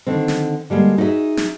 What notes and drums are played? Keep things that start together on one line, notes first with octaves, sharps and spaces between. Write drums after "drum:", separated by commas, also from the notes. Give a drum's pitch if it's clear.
D3 D#3 C4
drum: snare
D3 G3 G#3 A#3
D#4 F#4 G#4 D#5 E5
drum: snare